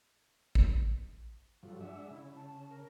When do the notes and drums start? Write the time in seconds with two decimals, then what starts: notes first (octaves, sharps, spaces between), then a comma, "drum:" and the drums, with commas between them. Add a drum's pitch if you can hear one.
0.55 drum: kick A1
1.63 G2 F3 F#3 A4
1.80 G#3 D4 E5 F#5
2.11 C#3 E4
2.35 A5
2.69 A#4